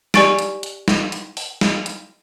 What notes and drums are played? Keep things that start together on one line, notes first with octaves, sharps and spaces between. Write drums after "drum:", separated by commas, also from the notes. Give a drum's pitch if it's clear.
G4 D5 G#5 C#6 A6 D7, drum: snare
drum: hi-hat
drum: hi-hat
drum: snare
drum: hi-hat
drum: open hi-hat
drum: snare
drum: hi-hat